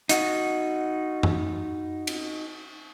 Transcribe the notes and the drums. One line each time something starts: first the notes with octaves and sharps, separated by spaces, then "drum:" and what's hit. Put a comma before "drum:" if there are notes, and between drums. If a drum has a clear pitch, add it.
D#4 F#4, drum: hi-hat
drum: tom F#2
drum: cymbal